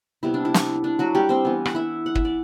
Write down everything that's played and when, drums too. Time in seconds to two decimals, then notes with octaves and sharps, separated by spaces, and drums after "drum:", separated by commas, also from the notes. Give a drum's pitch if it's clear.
0.23 C3 G3 B3 E4
0.34 D4
0.45 E4
0.54 drum: snare
0.84 D4
0.99 F#3 F#4
1.15 G3 G4
1.29 C4 C5
1.45 E3 B3
1.66 F#5, drum: rim click
1.75 E4 E5
2.06 F#5
2.15 E5, drum: kick
2.25 D5